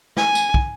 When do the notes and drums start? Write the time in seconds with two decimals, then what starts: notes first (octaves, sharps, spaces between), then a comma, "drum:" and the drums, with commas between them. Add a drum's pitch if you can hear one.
0.17 G#5, drum: snare
0.35 drum: tambourine
0.54 drum: kick